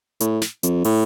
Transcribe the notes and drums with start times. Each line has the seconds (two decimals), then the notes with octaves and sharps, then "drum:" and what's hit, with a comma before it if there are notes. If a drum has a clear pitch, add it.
0.20 A2, drum: hi-hat
0.42 drum: snare
0.63 F2, drum: hi-hat
0.84 A2, drum: open hi-hat